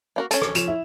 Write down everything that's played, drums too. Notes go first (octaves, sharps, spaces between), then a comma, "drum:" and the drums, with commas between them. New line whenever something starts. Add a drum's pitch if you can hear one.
A#3 F#4 A#4
C#4 A4, drum: hi-hat
drum: rim click
F3 E7 F7, drum: hi-hat
E4